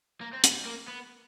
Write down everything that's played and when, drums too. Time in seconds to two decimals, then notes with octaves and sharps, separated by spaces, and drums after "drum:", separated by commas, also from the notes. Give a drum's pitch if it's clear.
0.21 A#3
0.33 C4
0.44 B3, drum: hi-hat
0.65 A#3
0.88 B3